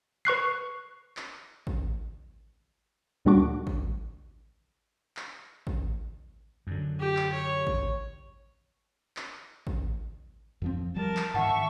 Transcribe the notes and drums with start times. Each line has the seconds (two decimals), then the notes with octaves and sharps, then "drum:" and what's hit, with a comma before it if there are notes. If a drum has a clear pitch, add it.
0.25 B4 C#6 F#6 C7
1.17 drum: clap
1.67 drum: kick
3.25 D2 A#2 G3 D4 F#4 D6
3.67 drum: kick
5.17 drum: clap
5.67 drum: kick
6.67 F#2 D3
7.00 G4
7.17 drum: clap
7.32 C#5
7.67 drum: kick
9.17 drum: clap
9.67 drum: kick
10.62 F2 F3 C4
10.96 F3 G3 A#4 A5
11.17 drum: clap
11.34 G#2 D#3 E5 F#5 A5 C#6